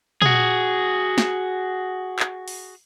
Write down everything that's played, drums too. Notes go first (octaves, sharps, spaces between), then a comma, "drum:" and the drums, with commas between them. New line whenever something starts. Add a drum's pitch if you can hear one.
F#4 G#4, drum: tom
drum: snare
drum: clap
drum: open hi-hat